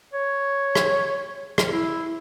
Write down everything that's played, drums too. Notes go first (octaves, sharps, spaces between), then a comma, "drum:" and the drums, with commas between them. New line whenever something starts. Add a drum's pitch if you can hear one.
C#5
drum: rim click
drum: rim click
E4